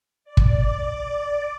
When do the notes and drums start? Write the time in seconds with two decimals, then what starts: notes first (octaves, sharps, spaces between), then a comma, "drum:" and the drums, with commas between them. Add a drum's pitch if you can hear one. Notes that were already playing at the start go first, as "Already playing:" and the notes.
0.24 D5
0.37 drum: kick
0.85 D5